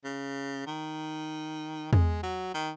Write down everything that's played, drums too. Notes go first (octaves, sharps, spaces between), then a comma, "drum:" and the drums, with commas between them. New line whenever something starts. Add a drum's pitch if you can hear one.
C#3
D#3
G#3, drum: tom E2
F#3
D#3